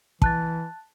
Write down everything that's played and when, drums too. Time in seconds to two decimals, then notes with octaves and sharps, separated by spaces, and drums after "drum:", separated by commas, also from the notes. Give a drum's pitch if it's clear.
0.22 E3 A5 F#6 A6, drum: kick